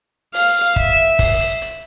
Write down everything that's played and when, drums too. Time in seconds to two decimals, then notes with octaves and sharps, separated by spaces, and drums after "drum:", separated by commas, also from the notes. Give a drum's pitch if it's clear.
0.34 F5, drum: open hi-hat
0.76 E5, drum: kick
1.19 drum: kick, open hi-hat
1.40 drum: hi-hat
1.62 drum: hi-hat